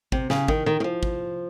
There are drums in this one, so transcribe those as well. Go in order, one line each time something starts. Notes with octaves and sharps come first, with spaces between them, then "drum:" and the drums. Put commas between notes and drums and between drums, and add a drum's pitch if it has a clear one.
C3, drum: kick
C#3, drum: snare
D#3, drum: kick
D#3
D#3
F3
drum: kick